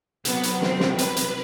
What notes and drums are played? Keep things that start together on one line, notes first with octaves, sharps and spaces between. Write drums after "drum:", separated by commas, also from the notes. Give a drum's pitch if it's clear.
C3 F#3 B3, drum: hi-hat
drum: hi-hat
C4, drum: snare
drum: snare
B4, drum: hi-hat
drum: hi-hat